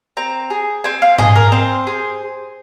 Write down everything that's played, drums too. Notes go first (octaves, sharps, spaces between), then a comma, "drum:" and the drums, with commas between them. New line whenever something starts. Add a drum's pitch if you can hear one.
C4 A#5
G#4
C4 G#5
F5
G#4 D#5, drum: tom G#2
A#4
C4 C5
G#4